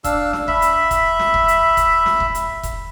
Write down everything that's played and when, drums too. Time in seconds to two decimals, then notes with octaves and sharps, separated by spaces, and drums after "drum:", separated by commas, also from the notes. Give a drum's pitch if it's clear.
0.04 D4 F5 E6, drum: kick F1, hi-hat
0.33 drum: snare
0.48 E5 B5, drum: kick F1
0.62 drum: hi-hat
0.91 drum: kick F1, hi-hat
1.19 drum: snare
1.34 drum: kick F1
1.48 drum: hi-hat
1.77 drum: kick F1, hi-hat
2.06 drum: snare
2.20 drum: kick F1
2.35 drum: hi-hat
2.63 drum: kick F1, hi-hat